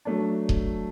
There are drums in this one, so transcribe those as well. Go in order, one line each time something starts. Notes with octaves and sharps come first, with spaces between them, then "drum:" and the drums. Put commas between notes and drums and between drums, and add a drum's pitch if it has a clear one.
F#3 A3 D4
drum: kick D#1